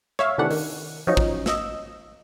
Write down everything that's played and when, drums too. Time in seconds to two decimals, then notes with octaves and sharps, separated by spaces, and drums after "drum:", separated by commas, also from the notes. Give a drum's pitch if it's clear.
0.19 C#5 E5 F5, drum: rim click
0.38 C3 D#3 E3 A3 D4 F#5
0.51 D#3, drum: open hi-hat
1.07 F3 F#3 C#4 D#4
1.17 drum: kick
1.46 D#5 E6, drum: snare